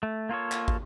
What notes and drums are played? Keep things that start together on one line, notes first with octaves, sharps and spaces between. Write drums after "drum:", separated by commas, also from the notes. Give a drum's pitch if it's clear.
A3
A#3 F4 A4 C#5
drum: clap
drum: kick